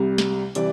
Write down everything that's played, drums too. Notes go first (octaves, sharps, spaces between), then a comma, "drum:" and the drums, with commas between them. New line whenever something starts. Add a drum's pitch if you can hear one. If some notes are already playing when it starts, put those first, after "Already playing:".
Already playing: C2 C3 G3
drum: snare
C3 E3 G3 D5, drum: hi-hat